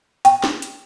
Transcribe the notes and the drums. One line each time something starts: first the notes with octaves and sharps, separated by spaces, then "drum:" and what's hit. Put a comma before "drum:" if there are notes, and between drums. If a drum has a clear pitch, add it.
G5, drum: hi-hat
drum: snare
drum: hi-hat